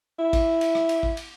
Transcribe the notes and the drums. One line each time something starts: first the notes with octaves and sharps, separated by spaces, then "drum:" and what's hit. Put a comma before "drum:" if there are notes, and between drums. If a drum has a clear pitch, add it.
E4
drum: kick A1, cymbal
drum: cymbal
drum: rim click
drum: cymbal
drum: kick A1
drum: cymbal